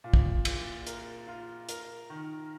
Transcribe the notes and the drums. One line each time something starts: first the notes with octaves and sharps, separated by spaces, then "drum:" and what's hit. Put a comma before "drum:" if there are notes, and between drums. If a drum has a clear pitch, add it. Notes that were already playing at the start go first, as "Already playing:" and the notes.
A#2
drum: kick
A#2, drum: cymbal
A#4, drum: hi-hat
F4
A#4, drum: hi-hat
D#3